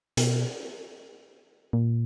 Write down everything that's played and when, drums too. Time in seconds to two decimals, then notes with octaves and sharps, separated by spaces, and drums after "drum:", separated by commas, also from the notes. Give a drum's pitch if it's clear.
0.17 B2, drum: hi-hat
1.73 A#2